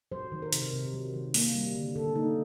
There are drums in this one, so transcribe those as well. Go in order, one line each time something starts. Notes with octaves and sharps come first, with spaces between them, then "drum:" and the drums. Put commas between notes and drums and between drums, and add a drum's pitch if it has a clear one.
F#3 C5
D#3
A#4
C3, drum: hi-hat
C3
F#3
D#3
A#3, drum: open hi-hat
G3
D3
D3 A4
A#3 D#4